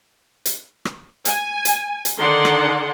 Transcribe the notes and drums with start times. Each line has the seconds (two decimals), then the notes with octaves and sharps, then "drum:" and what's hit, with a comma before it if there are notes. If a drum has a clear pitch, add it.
0.45 drum: hi-hat
0.85 drum: rim click
1.25 G#5, drum: hi-hat
1.65 drum: hi-hat
2.05 drum: hi-hat
2.19 D3 D#3 D5 F#5 C6
2.45 drum: rim click